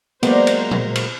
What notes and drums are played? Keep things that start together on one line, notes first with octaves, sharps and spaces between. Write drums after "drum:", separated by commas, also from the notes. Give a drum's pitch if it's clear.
F#3 G#3 A#3 B3 G4 C5 D5 A#5, drum: cymbal
drum: cymbal
drum: tom A#2
drum: cymbal